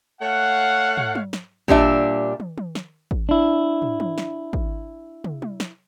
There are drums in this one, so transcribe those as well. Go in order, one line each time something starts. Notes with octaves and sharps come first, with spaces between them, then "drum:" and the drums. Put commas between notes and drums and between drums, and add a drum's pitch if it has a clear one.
A3 C#5 F5 F#5
drum: tom
drum: tom
drum: snare
A#2 G3 D4 E5, drum: kick
drum: tom
drum: tom
drum: snare
drum: kick
D4 E4
drum: tom
drum: tom
drum: snare
drum: kick
drum: tom
drum: tom
drum: snare